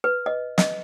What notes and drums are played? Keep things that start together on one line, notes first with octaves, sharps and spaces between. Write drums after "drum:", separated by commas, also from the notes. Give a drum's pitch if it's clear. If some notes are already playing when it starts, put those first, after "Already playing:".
B4
D#5
D#5, drum: snare